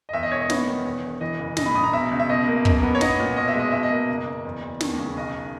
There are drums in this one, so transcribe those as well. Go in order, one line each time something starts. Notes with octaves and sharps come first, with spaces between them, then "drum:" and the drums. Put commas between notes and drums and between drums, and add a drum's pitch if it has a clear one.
D#5
E2 E5
D#5
E1 C#5
D#5
B3 C#5, drum: snare
D#3
E2
E1
E3 D#5
F#1
A#1 D#5, drum: snare
B5
A#1 D#6
A#5
B2 E5
C#2
E5
B2 D#5
A#3
F#2, drum: kick
B3
C#5
B3 D#5, drum: snare
A#2
B2 D#5
E5
G#3 D#5
B2 E5
D#5
A#3
F#1
F#1
E2
E2
D#2, drum: snare
C#3
B1 D#5